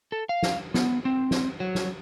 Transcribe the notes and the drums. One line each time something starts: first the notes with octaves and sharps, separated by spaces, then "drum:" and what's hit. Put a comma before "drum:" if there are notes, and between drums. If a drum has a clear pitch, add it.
A4
F5
drum: snare
B3, drum: snare
C4
drum: snare
F#3
drum: snare